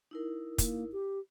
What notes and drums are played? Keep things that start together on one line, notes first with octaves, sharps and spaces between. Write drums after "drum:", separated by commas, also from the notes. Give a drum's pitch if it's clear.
D#4 E4 A#4
A#3, drum: kick, hi-hat
G4